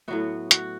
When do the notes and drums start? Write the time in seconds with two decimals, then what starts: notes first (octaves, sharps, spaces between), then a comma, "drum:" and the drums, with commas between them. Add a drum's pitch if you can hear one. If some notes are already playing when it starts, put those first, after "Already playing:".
0.08 A2 F#3 B3 F#4
0.51 F#4, drum: hi-hat